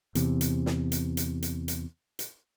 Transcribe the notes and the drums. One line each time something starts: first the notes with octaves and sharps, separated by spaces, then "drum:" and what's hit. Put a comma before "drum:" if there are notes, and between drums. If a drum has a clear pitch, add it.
E2 C3, drum: hi-hat
drum: hi-hat
drum: snare
drum: hi-hat
drum: hi-hat
drum: hi-hat
drum: hi-hat
drum: hi-hat